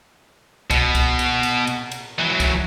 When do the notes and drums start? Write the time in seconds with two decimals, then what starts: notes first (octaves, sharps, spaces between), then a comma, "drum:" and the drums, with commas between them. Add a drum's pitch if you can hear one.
0.71 B2, drum: kick C2, cymbal
0.95 drum: kick C2, cymbal
1.19 drum: cymbal
1.43 drum: cymbal
1.67 drum: cymbal
1.92 drum: cymbal
2.19 E3 F#3
2.40 drum: kick C2, cymbal